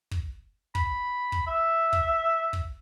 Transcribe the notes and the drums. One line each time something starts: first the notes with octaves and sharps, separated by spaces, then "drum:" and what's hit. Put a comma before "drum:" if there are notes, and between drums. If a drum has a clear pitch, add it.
drum: kick
B5, drum: kick
drum: kick
E5
drum: kick
drum: kick